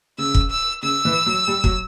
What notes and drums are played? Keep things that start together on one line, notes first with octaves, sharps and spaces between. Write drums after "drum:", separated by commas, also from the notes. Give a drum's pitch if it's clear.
C#3 E6
drum: kick
E6
C#3 E6
E3
F#3
G3
F#3, drum: kick